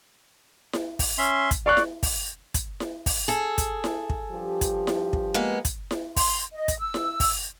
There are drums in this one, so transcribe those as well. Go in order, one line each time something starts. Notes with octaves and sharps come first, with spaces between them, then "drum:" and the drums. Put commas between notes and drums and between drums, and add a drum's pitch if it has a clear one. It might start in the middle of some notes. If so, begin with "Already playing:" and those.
drum: snare E4
drum: kick, open hi-hat
C#4 E5 C6
drum: kick, hi-hat
D5 F5 C#6 F#6
drum: snare E4
drum: kick, open hi-hat
drum: kick, hi-hat
drum: snare E4
drum: kick, open hi-hat
G#4 A4
drum: kick, hi-hat
drum: snare E4
drum: kick
G2 F3 G4
drum: kick, hi-hat
drum: snare E4
drum: kick
G#3 A#3 B3
drum: kick, hi-hat
drum: snare E4
C6, drum: kick, open hi-hat
D#5
drum: kick, hi-hat
E6
drum: snare E4
drum: kick, open hi-hat